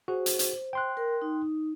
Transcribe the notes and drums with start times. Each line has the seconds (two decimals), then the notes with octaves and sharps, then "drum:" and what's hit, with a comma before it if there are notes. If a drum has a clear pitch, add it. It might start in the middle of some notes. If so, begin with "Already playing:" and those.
0.08 F#4 G#4 C5
0.26 drum: hi-hat
0.39 drum: hi-hat
0.73 G5 C6 F#6
0.97 A#4
1.22 D#4